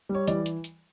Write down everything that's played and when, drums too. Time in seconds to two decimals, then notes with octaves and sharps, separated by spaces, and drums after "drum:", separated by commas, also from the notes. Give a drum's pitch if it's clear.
0.09 G3
0.15 C#5
0.27 E3 D5, drum: hi-hat
0.46 drum: hi-hat
0.64 drum: hi-hat